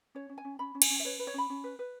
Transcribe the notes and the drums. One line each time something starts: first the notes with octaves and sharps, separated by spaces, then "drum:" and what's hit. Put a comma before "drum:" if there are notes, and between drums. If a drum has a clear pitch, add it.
C#4 C#5
C#4
G#5
C#4
C#4 B5
C#4
G#5, drum: cymbal
C#4
E5
B4 C#5
B4
C#5
C#4 B5
C#4
B4
B4